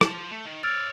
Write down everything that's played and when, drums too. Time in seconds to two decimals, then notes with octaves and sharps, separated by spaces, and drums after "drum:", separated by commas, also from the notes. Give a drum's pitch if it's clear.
0.01 F4 A5, drum: rim click
0.31 A3
0.45 D#3
0.63 C#5 D5 E6 F6 A6